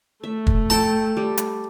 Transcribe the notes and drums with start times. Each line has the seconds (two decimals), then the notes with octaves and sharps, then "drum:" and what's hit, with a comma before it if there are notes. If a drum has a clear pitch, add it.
0.23 A3 E5
0.47 drum: kick
0.70 A4 G5 A5 A#5
1.17 G3
1.37 drum: hi-hat